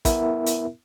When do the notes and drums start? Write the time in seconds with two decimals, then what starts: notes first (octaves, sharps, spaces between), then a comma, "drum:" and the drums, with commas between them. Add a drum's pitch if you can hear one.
0.05 B3 E4 A#4 E5, drum: kick, hi-hat
0.46 drum: hi-hat